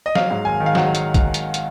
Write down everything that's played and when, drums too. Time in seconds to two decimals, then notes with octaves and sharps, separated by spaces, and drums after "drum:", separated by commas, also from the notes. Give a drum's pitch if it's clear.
0.06 D#5
0.15 F#3 F5, drum: snare
0.31 G#2
0.45 G#1 G#5
0.60 D#3
0.66 F5
0.75 F#3 F#5, drum: snare
0.95 drum: hi-hat
1.14 drum: kick, hi-hat
1.34 drum: hi-hat
1.54 drum: hi-hat